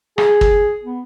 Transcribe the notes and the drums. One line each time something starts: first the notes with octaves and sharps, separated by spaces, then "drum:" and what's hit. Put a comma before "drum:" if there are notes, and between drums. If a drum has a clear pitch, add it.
G#4, drum: rim click
drum: kick
B3